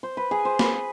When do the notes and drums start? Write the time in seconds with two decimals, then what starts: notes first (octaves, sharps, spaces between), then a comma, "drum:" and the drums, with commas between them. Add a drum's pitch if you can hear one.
0.03 C5
0.17 B4
0.31 G#4
0.45 C5
0.59 B4, drum: snare A#3